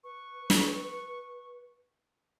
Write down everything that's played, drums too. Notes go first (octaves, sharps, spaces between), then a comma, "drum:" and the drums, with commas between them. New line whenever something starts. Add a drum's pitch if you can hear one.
B4 C#6
drum: snare